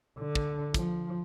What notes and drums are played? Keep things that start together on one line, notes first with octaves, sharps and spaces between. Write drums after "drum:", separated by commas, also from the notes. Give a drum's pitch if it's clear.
D3
drum: kick
F3, drum: kick, hi-hat